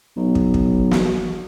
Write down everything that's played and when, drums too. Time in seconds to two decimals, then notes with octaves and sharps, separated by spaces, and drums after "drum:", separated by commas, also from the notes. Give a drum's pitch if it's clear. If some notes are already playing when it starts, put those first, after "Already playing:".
0.16 B1
0.35 drum: kick
0.54 drum: kick
0.91 drum: snare